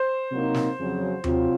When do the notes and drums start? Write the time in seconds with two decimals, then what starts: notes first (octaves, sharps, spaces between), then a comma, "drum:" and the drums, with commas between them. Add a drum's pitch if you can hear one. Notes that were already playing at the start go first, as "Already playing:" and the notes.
Already playing: C5
0.32 C3 F#3 A#3 D#4
0.54 drum: snare
0.78 F2 C#3 F#3
1.24 C3 F#3 C4 F4, drum: tom D#2